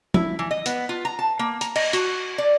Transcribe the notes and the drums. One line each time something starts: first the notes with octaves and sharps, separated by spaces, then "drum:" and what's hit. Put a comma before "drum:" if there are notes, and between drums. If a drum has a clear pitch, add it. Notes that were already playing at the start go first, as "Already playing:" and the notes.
E4, drum: tom
E3
D#5
B3, drum: hi-hat
F4
A#5
A5
A#3
A#5, drum: hi-hat
D#5, drum: cymbal
F#4, drum: hi-hat
D5